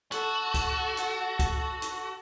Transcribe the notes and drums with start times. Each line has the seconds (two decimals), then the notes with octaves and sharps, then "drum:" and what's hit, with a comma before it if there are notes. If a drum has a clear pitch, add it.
0.12 F#4 A4, drum: hi-hat
0.54 drum: kick, hi-hat
0.97 drum: hi-hat
1.39 drum: kick, hi-hat
1.82 drum: hi-hat